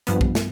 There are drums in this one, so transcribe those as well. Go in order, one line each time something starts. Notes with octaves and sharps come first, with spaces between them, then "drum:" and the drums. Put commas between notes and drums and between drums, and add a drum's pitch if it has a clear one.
G2 F3 B3, drum: hi-hat
drum: kick
drum: snare